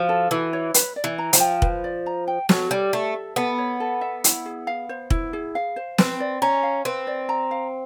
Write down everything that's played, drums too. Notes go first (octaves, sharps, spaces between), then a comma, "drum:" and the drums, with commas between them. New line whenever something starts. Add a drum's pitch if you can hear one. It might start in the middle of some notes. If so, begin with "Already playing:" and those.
Already playing: F3 F#4
A4
E3 F#4
C#5
B4, drum: hi-hat
D5
E3
A#5
F3, drum: hi-hat
G5
B4, drum: kick
D5
A#5
G5
F#3 A4, drum: snare
G3 C#5
A3 A4
E5
B3 A4
C#5
A4
E5
E4, drum: hi-hat
G#4
F5
C5
E4, drum: kick
G#4
F5
C5
C4 B4, drum: snare
D5
C#4 A#5
F5
C4 B4
D5
A#5
F5